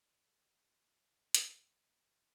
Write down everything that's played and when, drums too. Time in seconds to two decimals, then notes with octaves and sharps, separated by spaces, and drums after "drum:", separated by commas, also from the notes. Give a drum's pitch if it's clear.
0.04 F2 A3 F#4 C5 D#5
1.34 drum: hi-hat